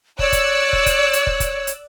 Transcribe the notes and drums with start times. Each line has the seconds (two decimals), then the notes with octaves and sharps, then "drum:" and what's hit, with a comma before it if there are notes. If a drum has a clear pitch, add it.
0.19 C#5 D5 E6 F#6, drum: kick
0.32 drum: kick, hi-hat
0.73 drum: kick
0.86 drum: kick, hi-hat
1.13 drum: hi-hat
1.27 drum: kick
1.40 drum: kick, hi-hat
1.67 drum: hi-hat